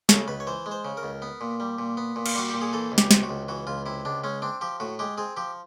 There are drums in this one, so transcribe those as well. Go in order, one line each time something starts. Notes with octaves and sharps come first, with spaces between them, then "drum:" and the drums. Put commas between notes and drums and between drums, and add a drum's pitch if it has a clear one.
C#3 A4, drum: snare
C#2 B4
C#5
E3 C5
G#3
C5
C#3
A#4
C#2
B3
A#2
G3
A#2
B3
A#2
F4, drum: cymbal
G3 F#4
A#2 G4
G#4
E3 A4
C#2
G4, drum: snare
C3, drum: snare
F#4
C#2
E3 F#4
C#2 F4
C3 E4
C#2 D4
G#3 C#4
C4 D4
F3 G4
A2 F#4
G#3 G4
C4 G#4
F3 G4